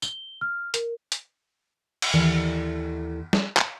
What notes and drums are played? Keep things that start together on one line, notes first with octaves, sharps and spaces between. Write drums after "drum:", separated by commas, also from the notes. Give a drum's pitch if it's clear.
G7, drum: tambourine
F6
A#4, drum: hi-hat
drum: hi-hat
drum: cymbal
D#2 E3 E4 A4 D5
drum: snare
drum: clap